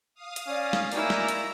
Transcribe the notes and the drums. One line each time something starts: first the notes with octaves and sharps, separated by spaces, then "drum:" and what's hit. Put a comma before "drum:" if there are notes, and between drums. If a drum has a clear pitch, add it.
F5 D#6
drum: hi-hat
C#4 D5
drum: snare
A#3 D#4 E4 F#4 D5 G#5 A#5, drum: open hi-hat
drum: snare
drum: hi-hat